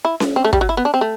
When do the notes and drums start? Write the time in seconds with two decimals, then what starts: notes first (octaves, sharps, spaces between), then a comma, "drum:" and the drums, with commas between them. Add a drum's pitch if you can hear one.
0.05 E4
0.20 drum: snare C#4
0.36 C4
0.44 A3
0.53 G3, drum: kick
0.61 F#3
0.69 E4
0.77 B3
0.85 D4
0.94 C4
1.01 A3